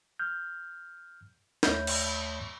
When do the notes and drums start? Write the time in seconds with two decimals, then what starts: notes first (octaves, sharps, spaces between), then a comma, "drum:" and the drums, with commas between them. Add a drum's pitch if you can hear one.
0.19 F6 G6
1.63 D#2 A3 C#5 E5 B5 G6, drum: snare
1.87 drum: cymbal